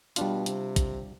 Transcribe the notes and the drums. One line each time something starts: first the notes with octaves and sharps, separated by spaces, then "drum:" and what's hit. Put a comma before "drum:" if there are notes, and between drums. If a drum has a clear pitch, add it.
B2 G3 D4 F4, drum: hi-hat
C3, drum: hi-hat
drum: kick, hi-hat